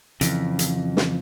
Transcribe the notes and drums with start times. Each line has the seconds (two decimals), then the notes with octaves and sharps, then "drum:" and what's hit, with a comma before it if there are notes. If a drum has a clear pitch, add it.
0.21 F2 C#3 E3, drum: hi-hat
0.59 drum: hi-hat
0.97 drum: snare